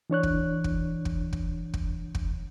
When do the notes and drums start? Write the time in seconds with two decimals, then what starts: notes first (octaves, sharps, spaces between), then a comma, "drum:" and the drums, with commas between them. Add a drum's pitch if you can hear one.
0.10 E3 D4 C#5 F#6
0.23 drum: kick
0.64 drum: kick
1.05 drum: kick
1.33 drum: kick
1.74 drum: kick
2.15 drum: kick